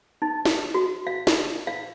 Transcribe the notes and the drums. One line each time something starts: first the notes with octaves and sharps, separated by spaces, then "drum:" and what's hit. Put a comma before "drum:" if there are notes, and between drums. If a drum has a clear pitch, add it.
D#4
drum: snare
F#4
F5
drum: snare
F5